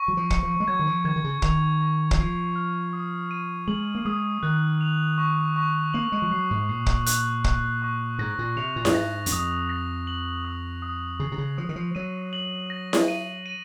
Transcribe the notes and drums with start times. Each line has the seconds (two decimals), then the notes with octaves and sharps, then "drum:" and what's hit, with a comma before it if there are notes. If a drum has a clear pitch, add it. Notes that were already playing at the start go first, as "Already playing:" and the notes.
Already playing: C#6
0.08 F#3
0.17 F3
0.30 C#7, drum: kick
0.43 F3
0.60 G#3
0.68 F#3 G#6
0.79 D#3
0.87 F3
1.05 D#3 G#6
1.16 D#3
1.24 C#3
1.42 D#3 F7, drum: kick
1.80 C#6
2.11 F#3, drum: kick
2.17 F3 C7
2.56 F6
2.93 D#6
3.31 D#7
3.68 G#3 F#7
3.95 A#3
4.05 G#3 D#6
4.43 D#3 F#6
4.81 F7
5.18 C#6
5.56 C#6
5.94 A#3 F#7
6.12 G#3
6.22 F3
6.31 F#3 C7
6.50 G#2
6.69 A#2 C7
6.86 drum: kick
7.06 F#6, drum: hi-hat
7.44 C#6, drum: kick
7.82 C#6
8.19 G#2 A#6
8.39 A#2
8.56 C3 F7
8.76 A#2
8.85 F#2, drum: snare E4
8.94 G#2 A#6
9.26 F#2, drum: hi-hat
9.32 F2 D#6
9.69 A#6
10.07 F#7
10.45 D#6
10.82 D#6
11.20 C#3 C7
11.32 C3
11.38 C#3
11.58 F3 D#6
11.69 D#3
11.76 F3
11.95 F#3 D#7
12.33 F#7
12.70 A#6
12.93 drum: snare E4
13.08 D#7
13.46 D#7